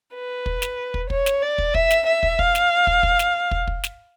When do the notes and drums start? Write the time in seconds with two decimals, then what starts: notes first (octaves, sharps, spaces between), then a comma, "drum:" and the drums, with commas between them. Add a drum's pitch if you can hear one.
0.14 B4
0.46 drum: kick
0.62 drum: snare
0.94 drum: kick
1.10 C#5, drum: kick
1.26 drum: snare
1.42 D5
1.58 drum: kick
1.74 E5, drum: kick
1.91 drum: snare
2.06 E5
2.23 drum: kick
2.39 F5, drum: kick
2.55 drum: snare
2.87 drum: kick
3.03 drum: kick
3.19 drum: snare
3.51 drum: kick
3.67 drum: kick
3.84 drum: snare